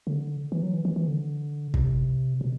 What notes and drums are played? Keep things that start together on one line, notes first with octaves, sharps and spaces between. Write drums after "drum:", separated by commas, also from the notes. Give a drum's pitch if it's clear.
D3
E3
F#3
E3
E3
E3
D3
C3, drum: kick
B2